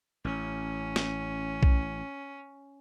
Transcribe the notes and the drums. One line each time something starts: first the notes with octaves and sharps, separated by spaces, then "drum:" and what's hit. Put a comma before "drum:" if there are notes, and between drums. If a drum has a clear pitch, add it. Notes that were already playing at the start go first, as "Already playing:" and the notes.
A1 C#4
drum: snare
drum: kick B1